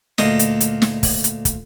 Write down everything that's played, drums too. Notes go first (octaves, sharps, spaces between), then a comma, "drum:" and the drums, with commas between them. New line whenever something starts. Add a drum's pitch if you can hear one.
D2 A#2 D#5, drum: snare
drum: hi-hat
drum: hi-hat
drum: snare
drum: kick, open hi-hat
drum: hi-hat
drum: kick, hi-hat